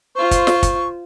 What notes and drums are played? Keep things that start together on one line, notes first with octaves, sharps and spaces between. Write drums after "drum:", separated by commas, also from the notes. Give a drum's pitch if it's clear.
F4 C5 C#6
drum: kick, hi-hat
drum: snare
drum: kick, hi-hat